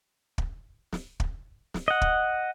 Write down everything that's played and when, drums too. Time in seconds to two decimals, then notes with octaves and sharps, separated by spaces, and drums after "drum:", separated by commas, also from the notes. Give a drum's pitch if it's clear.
0.38 drum: kick
0.92 drum: snare
1.20 drum: kick
1.74 drum: snare
1.88 D#5 F#5
2.01 drum: kick